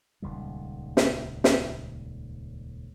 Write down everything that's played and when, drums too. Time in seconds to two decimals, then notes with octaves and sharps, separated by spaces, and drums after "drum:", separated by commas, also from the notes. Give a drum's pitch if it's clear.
0.22 D#1 C#2 D#3 G3
0.97 drum: snare
1.44 drum: snare